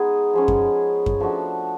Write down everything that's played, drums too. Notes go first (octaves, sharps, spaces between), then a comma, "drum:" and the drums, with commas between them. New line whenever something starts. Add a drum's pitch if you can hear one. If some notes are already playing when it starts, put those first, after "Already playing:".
Already playing: G#3 B3 D#4 G#4
F3 G#3 C#4
drum: kick F#2
drum: kick F#2
F3 A3 D4 F#4